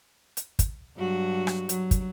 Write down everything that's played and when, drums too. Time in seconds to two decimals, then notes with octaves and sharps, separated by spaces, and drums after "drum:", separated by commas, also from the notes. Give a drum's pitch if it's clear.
0.37 drum: hi-hat
0.59 drum: kick, hi-hat
0.97 G2 F#3 F#4
1.47 drum: rim click
1.69 F#3, drum: hi-hat
1.91 drum: kick, hi-hat